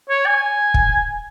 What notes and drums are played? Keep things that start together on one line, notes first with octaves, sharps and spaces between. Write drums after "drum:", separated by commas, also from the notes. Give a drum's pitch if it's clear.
C#5
G#5
drum: kick